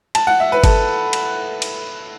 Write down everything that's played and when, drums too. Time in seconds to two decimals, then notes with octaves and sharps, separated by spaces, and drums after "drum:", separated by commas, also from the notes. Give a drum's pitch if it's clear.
0.15 A5, drum: cymbal
0.27 F#5
0.40 E5
0.52 B4
0.64 A4, drum: kick G1, cymbal
1.13 drum: cymbal
1.62 drum: cymbal